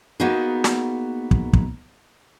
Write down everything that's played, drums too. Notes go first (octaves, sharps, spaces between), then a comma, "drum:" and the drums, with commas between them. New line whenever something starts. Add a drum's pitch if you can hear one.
A#3 B3 D#4 F#4 G#4 B4
drum: snare
drum: kick
drum: kick